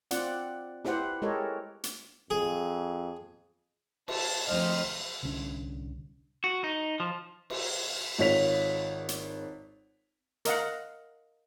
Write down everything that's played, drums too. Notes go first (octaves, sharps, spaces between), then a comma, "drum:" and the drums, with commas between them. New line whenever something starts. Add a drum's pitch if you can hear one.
C4 F4 D5 F#5, drum: hi-hat
E4 G4 B4 C5 F#5, drum: snare
G#3 G4 A4 A#4 C#5 D#5
drum: hi-hat
F2 G#4
A5, drum: cymbal
D2 F3 C4 C5 D#5 F6
D1 C2 D3 C#4
F#4
D#4
F3
drum: cymbal
G#1 F4 C#5 B6 F7
drum: hi-hat
A#4 D#5 F5 F#5, drum: hi-hat